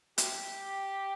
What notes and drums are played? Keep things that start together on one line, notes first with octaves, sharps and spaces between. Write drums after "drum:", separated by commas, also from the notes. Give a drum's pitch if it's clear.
G4, drum: hi-hat